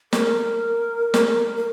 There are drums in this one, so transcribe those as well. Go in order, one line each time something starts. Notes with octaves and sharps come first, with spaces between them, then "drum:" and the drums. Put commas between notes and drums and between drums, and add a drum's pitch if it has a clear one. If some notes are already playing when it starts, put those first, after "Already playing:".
A#4, drum: snare
drum: snare
A#4